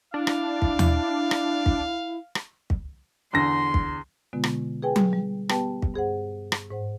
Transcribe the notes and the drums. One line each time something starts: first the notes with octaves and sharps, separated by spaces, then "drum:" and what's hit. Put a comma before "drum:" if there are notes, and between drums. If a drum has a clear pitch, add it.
D4 E4 F5
drum: rim click
drum: kick
drum: tom D#2
drum: rim click
drum: kick
drum: rim click
drum: kick
E2 D3 C6 A#6
drum: kick
B2 D3 G#3 B3 F4
drum: rim click
G#4 B4 G5 G#5
drum: tom F#3
G3
B3 G4 B4 G5 A5, drum: rim click
drum: kick
G2 G#4 C5 F#5
drum: rim click
G#2 C5 F#5